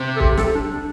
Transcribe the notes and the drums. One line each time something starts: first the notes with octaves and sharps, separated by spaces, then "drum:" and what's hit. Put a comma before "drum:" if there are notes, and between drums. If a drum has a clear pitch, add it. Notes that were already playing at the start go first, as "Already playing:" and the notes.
Already playing: C3
A4
G4, drum: kick
A4, drum: snare
D4
D4